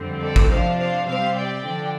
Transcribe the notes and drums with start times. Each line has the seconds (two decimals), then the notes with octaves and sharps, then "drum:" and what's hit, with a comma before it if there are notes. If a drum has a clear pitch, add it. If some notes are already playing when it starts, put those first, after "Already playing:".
Already playing: F2 D3 G3 C4
0.22 A4 D5
0.36 drum: kick A1
0.50 C3 F3 D4 C5 F5
0.78 C5 F5
1.06 C3 G3 C4 C5 F5
1.35 D5 G5
1.64 D3 F3 D4